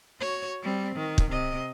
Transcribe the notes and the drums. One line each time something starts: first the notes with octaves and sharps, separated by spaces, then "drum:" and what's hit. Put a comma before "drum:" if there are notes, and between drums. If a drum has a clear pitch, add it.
F#4 C#5
G3 C4
D#3
drum: kick
C3 D#5